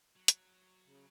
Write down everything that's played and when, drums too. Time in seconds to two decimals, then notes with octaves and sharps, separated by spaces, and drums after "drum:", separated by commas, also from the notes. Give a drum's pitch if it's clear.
0.16 F#3
0.28 drum: hi-hat
0.85 C#3